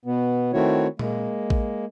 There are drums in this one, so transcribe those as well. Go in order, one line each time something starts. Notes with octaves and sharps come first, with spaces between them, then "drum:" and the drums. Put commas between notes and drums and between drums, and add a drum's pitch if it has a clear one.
B2 B3
D#3 A3 C4 E4 F#4 C#5
G#3 A#3, drum: tom A#2
drum: kick A1